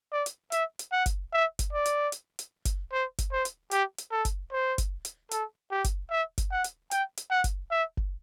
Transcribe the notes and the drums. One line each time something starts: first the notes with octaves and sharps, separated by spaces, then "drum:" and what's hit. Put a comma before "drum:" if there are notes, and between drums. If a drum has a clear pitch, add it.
D5
drum: hi-hat
E5, drum: hi-hat
drum: hi-hat
F#5
drum: kick F#1, hi-hat
E5
drum: kick F#1, hi-hat
D5
drum: hi-hat
drum: hi-hat
drum: hi-hat
drum: kick F#1, hi-hat
C5
drum: kick F#1, hi-hat
C5
drum: hi-hat
G4, drum: hi-hat
drum: hi-hat
A4
drum: kick F#1, hi-hat
C5
drum: kick F#1, hi-hat
drum: hi-hat
A4, drum: hi-hat
G4
drum: kick F#1, hi-hat
E5
drum: kick F#1, hi-hat
F#5
drum: hi-hat
G5, drum: hi-hat
drum: hi-hat
F#5
drum: kick F#1, hi-hat
E5
drum: kick F#1